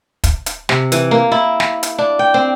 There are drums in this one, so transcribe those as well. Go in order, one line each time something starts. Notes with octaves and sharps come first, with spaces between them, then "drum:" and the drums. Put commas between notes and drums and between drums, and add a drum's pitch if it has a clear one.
drum: kick, hi-hat
drum: hi-hat
C3, drum: snare
E3, drum: hi-hat
A#3
E4
drum: snare
drum: hi-hat
D4
G5
C4